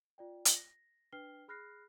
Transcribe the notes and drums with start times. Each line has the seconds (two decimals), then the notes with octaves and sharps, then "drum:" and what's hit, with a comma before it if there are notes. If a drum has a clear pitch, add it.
0.18 F4 D5 G5
0.45 drum: hi-hat
0.56 A#6
1.13 D4 B4 G5 F6 C7 G7
1.48 G#4 B5 F6 F#6 A#6 C7